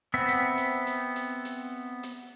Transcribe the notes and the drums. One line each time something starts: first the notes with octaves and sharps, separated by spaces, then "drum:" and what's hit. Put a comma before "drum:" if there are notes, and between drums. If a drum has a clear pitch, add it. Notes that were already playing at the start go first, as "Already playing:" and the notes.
B3 C4 E5
drum: hi-hat
drum: hi-hat
drum: hi-hat
drum: hi-hat
drum: hi-hat
drum: hi-hat